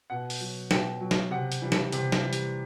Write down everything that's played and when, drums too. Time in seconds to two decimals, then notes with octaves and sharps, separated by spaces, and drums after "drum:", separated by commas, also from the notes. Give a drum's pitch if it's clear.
0.10 B2 F#5
0.30 drum: open hi-hat
0.40 F#3
0.71 B2 G5, drum: snare
1.01 F#3
1.11 drum: snare
1.31 C3 F#5
1.52 drum: hi-hat
1.62 E3 G3
1.72 drum: snare
1.93 C3, drum: hi-hat
2.12 drum: snare
2.23 E3 G3
2.33 drum: hi-hat